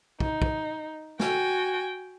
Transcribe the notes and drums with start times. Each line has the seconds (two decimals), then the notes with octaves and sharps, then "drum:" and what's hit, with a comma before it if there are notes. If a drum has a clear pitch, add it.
0.20 D#4, drum: kick
0.42 drum: kick
1.20 F#4 G5 G#5, drum: snare